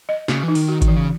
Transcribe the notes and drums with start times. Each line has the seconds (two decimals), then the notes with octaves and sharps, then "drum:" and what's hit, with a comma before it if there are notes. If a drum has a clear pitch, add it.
0.09 D#5
0.28 C#3 F#4, drum: snare
0.43 E3
0.48 D#4
0.55 D#3, drum: open hi-hat
0.68 F#4
0.82 D#3, drum: kick G#1, hi-hat
0.88 E3
0.96 C#3